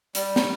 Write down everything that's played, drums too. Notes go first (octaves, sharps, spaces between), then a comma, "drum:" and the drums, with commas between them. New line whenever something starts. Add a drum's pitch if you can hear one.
G3, drum: hi-hat
drum: snare